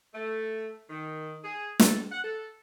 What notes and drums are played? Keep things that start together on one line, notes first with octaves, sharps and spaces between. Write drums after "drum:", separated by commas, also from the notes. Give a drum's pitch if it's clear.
A3
D#3
G#4
A4, drum: snare
F#5
A4